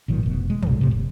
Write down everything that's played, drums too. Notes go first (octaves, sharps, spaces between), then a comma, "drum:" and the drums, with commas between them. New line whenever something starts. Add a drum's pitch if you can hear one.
A1 A#2 D#3 F#3
F1 B2
G#3
B1 G2 A#2, drum: tom
A2 C3 D#3
F#1